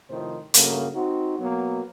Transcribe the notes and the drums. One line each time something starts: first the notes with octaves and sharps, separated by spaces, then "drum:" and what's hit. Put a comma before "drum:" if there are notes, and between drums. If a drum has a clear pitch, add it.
A2 C3 D#3 F3 C5
G2 C#3 F#3 A3 A#3, drum: hi-hat
C4 D#4 F#4
B2 F#3 A#3 B3